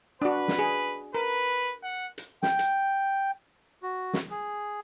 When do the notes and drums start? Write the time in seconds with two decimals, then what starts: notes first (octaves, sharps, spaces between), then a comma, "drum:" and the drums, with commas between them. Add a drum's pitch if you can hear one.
0.22 D4 F#4 B4
0.48 drum: snare
0.59 G#4
1.15 A#4 B4
1.83 F#5
2.18 drum: hi-hat
2.43 G5, drum: snare
2.59 drum: hi-hat
3.83 F#4
4.13 drum: snare
4.30 G#4